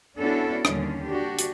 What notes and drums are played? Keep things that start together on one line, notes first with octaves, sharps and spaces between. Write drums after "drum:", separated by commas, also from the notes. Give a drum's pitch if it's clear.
B3 C#4 D4 E4 F#4 A4
D#2 D3 G3 C#4, drum: rim click
D4 F#4 G4
drum: hi-hat